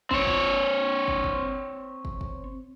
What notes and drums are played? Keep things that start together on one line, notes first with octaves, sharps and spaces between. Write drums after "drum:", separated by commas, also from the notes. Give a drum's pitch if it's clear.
C4 C#5, drum: kick
drum: kick
drum: kick
drum: kick
drum: kick
drum: kick